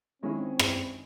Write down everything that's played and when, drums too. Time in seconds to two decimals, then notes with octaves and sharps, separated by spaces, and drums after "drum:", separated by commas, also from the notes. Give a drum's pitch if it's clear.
0.23 D#3 G#3 C4 C#4 E4 G#4
0.59 drum: rim click